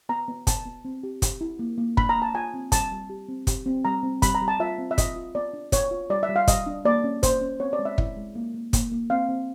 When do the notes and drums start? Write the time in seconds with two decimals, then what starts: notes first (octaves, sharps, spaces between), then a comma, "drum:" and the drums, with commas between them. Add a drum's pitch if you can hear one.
0.09 B3 A#5
0.28 B3
0.47 B3 A5, drum: kick, hi-hat
0.65 B3
0.85 C4
1.03 G4
1.22 G4, drum: kick, hi-hat
1.41 E4
1.59 A#3
1.78 A#3
1.97 D4 B5, drum: kick
2.09 A#5
2.15 A#3
2.22 A5
2.34 F4 G#5
2.54 C4
2.72 G3 A5, drum: kick, hi-hat
2.91 G3
3.10 G4
3.29 C4
3.47 G4, drum: kick, hi-hat
3.66 C4
3.85 G3 A#5
4.03 C4
4.22 G3 B5, drum: kick, hi-hat
4.35 A#5
4.41 G3
4.48 A5
4.60 F4 E5
4.78 C4
4.91 E5
4.98 F4 D#5, drum: kick, hi-hat
5.16 F4
5.35 B3 D5
5.53 D4
5.72 B3 C#5, drum: kick, hi-hat
5.91 F4
6.10 G3 D5
6.23 E5
6.29 G3
6.36 F5
6.47 G3 D#5, drum: kick, hi-hat
6.67 D4
6.85 A#3 D5
7.04 C#4
7.23 A#3 C5, drum: kick, hi-hat
7.42 C#4
7.60 C4 C#5
7.73 D5
7.79 G#3
7.85 E5
7.98 E4 E5, drum: kick
8.17 G#3
8.35 A#3
8.54 A#3
8.73 A#3, drum: kick, hi-hat
8.92 A#3
9.10 C4 F5
9.29 C4